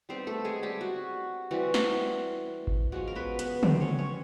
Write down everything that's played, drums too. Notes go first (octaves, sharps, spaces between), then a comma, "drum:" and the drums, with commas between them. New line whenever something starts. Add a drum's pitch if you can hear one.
G3 B3 C4 D#4 C5
A3 A4
G#3 G#4
G3 G4
F#4
E3 G3 C4 F#4
drum: snare
drum: kick G#1
F3 G#3 C#4 F#4
A#4
B3 B4
B3 B4, drum: hi-hat
C4 C5, drum: tom
C#4 C#5
C#4 C#5